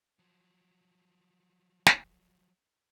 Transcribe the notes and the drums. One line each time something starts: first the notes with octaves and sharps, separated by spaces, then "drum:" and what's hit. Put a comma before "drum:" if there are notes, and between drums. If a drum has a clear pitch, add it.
F3 F#3
drum: snare